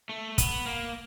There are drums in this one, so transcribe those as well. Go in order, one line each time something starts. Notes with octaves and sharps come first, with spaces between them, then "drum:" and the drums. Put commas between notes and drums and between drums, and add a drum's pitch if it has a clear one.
A3
B3, drum: kick, hi-hat
A#3